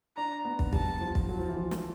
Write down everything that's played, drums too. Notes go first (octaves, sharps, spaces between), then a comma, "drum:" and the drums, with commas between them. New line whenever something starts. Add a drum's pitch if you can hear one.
D4 A#5
B3
drum: kick
G3 A5, drum: kick
F3
drum: kick
F#3
F3
E3
F3
drum: snare